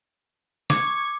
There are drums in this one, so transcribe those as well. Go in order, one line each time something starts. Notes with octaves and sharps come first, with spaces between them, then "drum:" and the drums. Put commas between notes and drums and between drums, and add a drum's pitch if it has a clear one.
C#6 D6 G#6 C#7, drum: snare